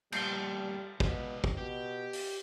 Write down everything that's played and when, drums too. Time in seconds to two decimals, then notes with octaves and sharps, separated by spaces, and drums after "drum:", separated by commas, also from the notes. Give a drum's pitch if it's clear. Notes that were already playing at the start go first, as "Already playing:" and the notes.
0.12 G2 A#2 G3 G6 C7 G7, drum: cymbal
1.00 B2 G#3 B4, drum: kick
1.44 drum: kick
1.57 B2 G4
2.13 drum: open hi-hat